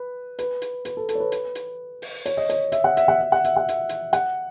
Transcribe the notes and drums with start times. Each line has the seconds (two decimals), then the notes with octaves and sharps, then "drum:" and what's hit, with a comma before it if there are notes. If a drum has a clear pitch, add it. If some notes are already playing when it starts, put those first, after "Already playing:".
Already playing: B4
0.39 B4, drum: hi-hat
0.62 drum: hi-hat
0.85 B4, drum: hi-hat
0.97 A4
1.09 A4, drum: hi-hat
1.15 C#5
1.20 B4
1.32 drum: hi-hat
1.55 drum: hi-hat
2.02 drum: open hi-hat
2.26 C#5, drum: hi-hat
2.37 D#5
2.50 C#5, drum: hi-hat
2.72 E5, drum: hi-hat
2.84 F#5
2.97 E5, drum: hi-hat
3.08 F#5
3.20 E5
3.32 F#5
3.44 E5, drum: hi-hat
3.57 F#5
3.69 E5, drum: hi-hat
3.89 drum: hi-hat
4.13 F#5, drum: hi-hat